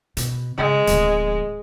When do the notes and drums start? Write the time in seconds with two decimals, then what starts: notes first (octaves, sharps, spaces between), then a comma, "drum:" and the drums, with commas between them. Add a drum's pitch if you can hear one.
0.17 B2, drum: hi-hat
0.58 C#3 G#3
0.87 D1 F3, drum: hi-hat